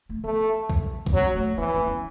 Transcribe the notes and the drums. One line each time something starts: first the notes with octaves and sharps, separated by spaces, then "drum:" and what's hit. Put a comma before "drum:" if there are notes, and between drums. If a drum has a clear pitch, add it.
A3
A3 B3
drum: kick A#1
C4, drum: kick A#1
F#3 B3
A3
E3 B3
C4
B3